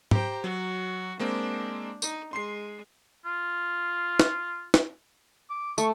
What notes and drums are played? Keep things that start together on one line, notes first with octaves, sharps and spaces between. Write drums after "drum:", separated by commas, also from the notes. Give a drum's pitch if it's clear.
G4 C5 G5 A#5, drum: tom
F#3 F#4
G#3 A#3 C4 D4
D#4, drum: tambourine
G#3 C6 C7
F4
drum: snare
drum: snare
D6
A3 C#6, drum: tambourine